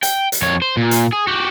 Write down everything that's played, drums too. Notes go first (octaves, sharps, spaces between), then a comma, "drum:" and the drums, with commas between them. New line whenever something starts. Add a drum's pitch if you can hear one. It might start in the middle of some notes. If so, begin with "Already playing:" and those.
G5, drum: hi-hat
drum: hi-hat
F2 C#5
C5
A#2
drum: hi-hat
G#4
F#4 G4